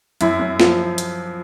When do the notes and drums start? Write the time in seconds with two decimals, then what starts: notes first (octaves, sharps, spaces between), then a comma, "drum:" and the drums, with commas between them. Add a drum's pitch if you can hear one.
0.21 F#2 E4, drum: hi-hat
0.40 F#2
0.60 F3, drum: snare
0.98 drum: hi-hat